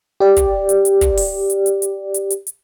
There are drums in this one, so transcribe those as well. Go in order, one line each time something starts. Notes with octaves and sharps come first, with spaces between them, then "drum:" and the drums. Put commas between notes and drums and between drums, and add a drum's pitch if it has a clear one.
G4 D5
drum: kick, hi-hat
drum: hi-hat
drum: hi-hat
drum: kick, hi-hat
drum: open hi-hat
drum: hi-hat
drum: hi-hat
drum: hi-hat
drum: hi-hat
drum: hi-hat
drum: hi-hat